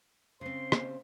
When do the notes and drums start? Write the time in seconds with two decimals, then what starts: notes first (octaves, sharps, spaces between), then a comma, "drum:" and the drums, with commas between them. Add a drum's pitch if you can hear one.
0.41 C#3 C4 C5 C6
0.72 drum: rim click